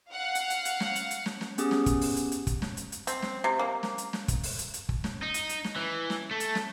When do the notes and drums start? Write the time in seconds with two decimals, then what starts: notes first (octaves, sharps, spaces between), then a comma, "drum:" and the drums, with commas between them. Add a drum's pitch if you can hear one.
0.12 F5 F#5
0.35 drum: hi-hat
0.50 drum: hi-hat
0.65 drum: hi-hat
0.80 drum: snare
0.95 drum: hi-hat
1.11 drum: hi-hat
1.26 drum: snare
1.41 drum: snare
1.58 B3 C#4 G4 G#4, drum: hi-hat
1.71 drum: snare
1.86 drum: kick, hi-hat
2.01 drum: open hi-hat
2.16 drum: hi-hat
2.32 drum: hi-hat
2.47 drum: kick, hi-hat
2.62 drum: snare
2.77 drum: hi-hat
2.92 drum: hi-hat
3.07 C4, drum: hi-hat
3.22 drum: snare
3.44 C3
3.59 A#3
3.83 drum: snare
3.98 drum: hi-hat
4.13 drum: snare
4.28 drum: kick, hi-hat
4.43 drum: open hi-hat
4.59 drum: hi-hat
4.74 drum: hi-hat
4.89 drum: kick
5.04 drum: snare
5.22 D#4
5.34 drum: hi-hat
5.49 drum: hi-hat
5.64 drum: snare
5.76 E3
6.10 drum: snare
6.31 A3
6.40 drum: hi-hat
6.55 drum: snare